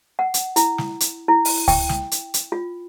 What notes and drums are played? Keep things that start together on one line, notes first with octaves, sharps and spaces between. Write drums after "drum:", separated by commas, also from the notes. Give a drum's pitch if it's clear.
F#5
drum: hi-hat
E4, drum: hi-hat
drum: snare
drum: hi-hat
E4
drum: open hi-hat
G5, drum: kick C#2, open hi-hat
drum: snare
drum: hi-hat
drum: hi-hat
F4